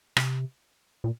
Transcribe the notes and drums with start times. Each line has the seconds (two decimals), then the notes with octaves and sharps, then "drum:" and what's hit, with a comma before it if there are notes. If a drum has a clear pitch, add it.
0.17 C3, drum: rim click
1.04 A#2